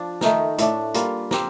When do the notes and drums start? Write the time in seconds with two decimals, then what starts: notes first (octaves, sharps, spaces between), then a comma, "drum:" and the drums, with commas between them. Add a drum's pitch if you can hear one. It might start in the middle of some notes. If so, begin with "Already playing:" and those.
Already playing: F3 D4
0.21 D#3 A3 D#4 A#4, drum: snare
0.58 A2 A3 D4, drum: hi-hat
0.94 G3 A#3 F4, drum: hi-hat
1.31 C4 G4 A#4, drum: snare